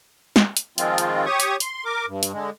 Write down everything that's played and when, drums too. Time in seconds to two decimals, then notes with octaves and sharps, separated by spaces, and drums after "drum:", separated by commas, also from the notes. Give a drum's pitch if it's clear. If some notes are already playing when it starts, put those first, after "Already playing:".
0.36 drum: snare
0.57 drum: hi-hat
0.78 D#3 F3 G#3 C4 F4, drum: hi-hat
0.98 drum: hi-hat
1.26 G4 C#5 C#6 D#6
1.40 drum: hi-hat
1.60 C6, drum: hi-hat
1.85 A#4 D6
2.08 G2
2.23 drum: hi-hat
2.32 D3 G#3